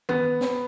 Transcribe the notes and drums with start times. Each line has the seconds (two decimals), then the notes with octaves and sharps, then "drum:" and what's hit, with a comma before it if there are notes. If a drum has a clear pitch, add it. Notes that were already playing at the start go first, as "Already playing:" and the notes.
0.09 B3, drum: tom D#3
0.41 drum: snare